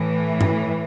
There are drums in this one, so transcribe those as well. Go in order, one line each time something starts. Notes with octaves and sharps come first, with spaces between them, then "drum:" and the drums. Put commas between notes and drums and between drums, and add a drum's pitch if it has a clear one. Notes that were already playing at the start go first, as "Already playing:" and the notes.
Already playing: A2 E3
drum: tom G2